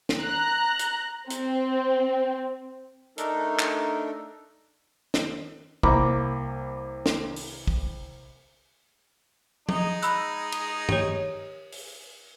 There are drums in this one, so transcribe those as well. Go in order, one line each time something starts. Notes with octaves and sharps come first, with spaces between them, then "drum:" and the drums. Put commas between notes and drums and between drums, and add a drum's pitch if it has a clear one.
drum: snare
A#5 F#6
drum: hi-hat
C4, drum: hi-hat
A3 D4 D#4 A4 A#4, drum: hi-hat
drum: clap
drum: snare
C2 A#3 A#5 B5 D6, drum: kick
drum: snare
drum: open hi-hat
drum: kick
G#3 D#4, drum: tom F3
B5 E6 F#6, drum: hi-hat
drum: cymbal
G4 C#5, drum: tom G2
drum: open hi-hat